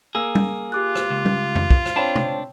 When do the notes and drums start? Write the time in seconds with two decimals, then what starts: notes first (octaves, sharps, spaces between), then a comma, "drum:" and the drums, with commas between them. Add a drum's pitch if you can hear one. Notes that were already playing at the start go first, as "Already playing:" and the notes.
0.15 A#3 G#4 A#4 E6
0.35 drum: tom
0.72 F4 G4 D6 F#6
0.95 drum: rim click
1.10 C#2
1.25 drum: tom
1.55 drum: tom F2
1.70 drum: kick
1.85 drum: rim click
1.96 C4 D4 C#5 G5 A5 B5 E7
2.16 drum: tom